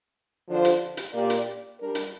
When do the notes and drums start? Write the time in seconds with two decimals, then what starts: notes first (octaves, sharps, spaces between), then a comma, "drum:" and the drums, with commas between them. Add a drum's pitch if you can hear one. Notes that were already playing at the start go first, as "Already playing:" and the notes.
0.49 D3 F3 D4 F4 C5
0.65 drum: hi-hat
0.97 drum: hi-hat
1.14 A#2 A#3 G4 D5
1.30 drum: hi-hat
1.79 G3 D4 A#4
1.95 drum: hi-hat